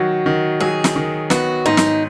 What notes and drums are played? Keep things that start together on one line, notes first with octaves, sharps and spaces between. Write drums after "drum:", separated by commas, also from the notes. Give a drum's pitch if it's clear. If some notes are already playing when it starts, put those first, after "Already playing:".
Already playing: D#3 F#3 F#4
D#3
F#3 G#4
drum: snare
D#3
B3 F#4, drum: snare
G#2 D#4
drum: snare